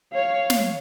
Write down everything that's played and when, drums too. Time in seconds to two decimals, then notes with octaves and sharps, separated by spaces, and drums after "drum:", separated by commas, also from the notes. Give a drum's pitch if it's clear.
0.13 C#5 F5
0.50 drum: snare